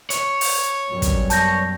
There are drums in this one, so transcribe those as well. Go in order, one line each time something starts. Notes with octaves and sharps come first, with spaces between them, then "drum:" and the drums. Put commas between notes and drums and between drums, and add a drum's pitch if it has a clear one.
C#5, drum: hi-hat
drum: open hi-hat
F#2 B2 G3
drum: kick, hi-hat
A5 G6 A#6, drum: hi-hat